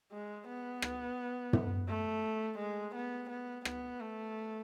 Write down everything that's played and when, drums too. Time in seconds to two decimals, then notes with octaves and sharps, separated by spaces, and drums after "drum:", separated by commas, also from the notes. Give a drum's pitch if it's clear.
0.12 G#3
0.47 B3
0.82 drum: rim click
1.53 drum: tom
1.89 A3
2.59 G#3
2.95 B3
3.30 B3
3.65 B3, drum: rim click
4.00 A3